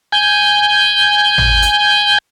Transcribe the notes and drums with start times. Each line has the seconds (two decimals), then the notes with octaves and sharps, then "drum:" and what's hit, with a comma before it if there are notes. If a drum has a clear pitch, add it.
0.12 G#5 G6
1.38 drum: tom G#1
1.62 drum: hi-hat